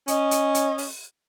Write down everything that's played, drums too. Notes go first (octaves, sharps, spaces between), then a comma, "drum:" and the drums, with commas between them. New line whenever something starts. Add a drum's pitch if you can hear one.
C#4 D#5, drum: hi-hat
drum: hi-hat
drum: hi-hat
drum: open hi-hat